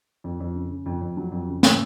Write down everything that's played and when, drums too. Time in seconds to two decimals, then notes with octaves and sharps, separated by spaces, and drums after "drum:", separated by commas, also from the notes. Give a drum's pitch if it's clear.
0.24 F2
0.40 F2
0.55 C#3
0.71 C#3
0.86 F2
1.01 F2
1.17 F#3
1.32 F2
1.48 C#3
1.63 C#3, drum: snare